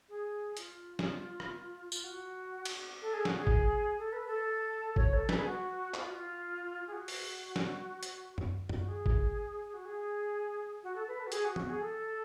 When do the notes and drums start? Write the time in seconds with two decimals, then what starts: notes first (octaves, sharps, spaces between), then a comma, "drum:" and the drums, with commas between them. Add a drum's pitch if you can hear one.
0.08 G#4
0.57 F4, drum: hi-hat
0.99 drum: snare
1.40 drum: rim click
1.92 F4, drum: tambourine
2.03 F#4
2.65 drum: cymbal
3.01 A4
3.13 G#4
3.25 F#4, drum: snare
3.37 G#4
3.47 drum: kick
3.98 A4
4.12 B4
4.26 A4
4.96 C#5, drum: kick
5.13 A4
5.29 B4, drum: snare
5.37 G#4
5.45 F#4
5.94 F4, drum: clap
6.04 F#4
6.13 F4
6.87 G#4
6.92 F#4
7.08 drum: open hi-hat
7.56 drum: snare
8.03 drum: hi-hat
8.38 drum: tom F#2
8.69 F4, drum: tom F#2
8.78 F#4
8.88 G#4
9.06 drum: kick
9.73 F#4
9.85 G#4
10.83 F#4
10.95 A4
11.07 B4
11.19 A4
11.26 F#4
11.32 G#4, drum: hi-hat
11.44 F#4
11.56 F#4, drum: tom E3
11.69 G#4
11.80 A4